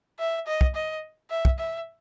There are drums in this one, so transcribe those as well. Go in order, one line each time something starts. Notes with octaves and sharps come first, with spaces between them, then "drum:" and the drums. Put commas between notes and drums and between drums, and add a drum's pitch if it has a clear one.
E5
D#5
drum: kick
D#5
E5
drum: kick
E5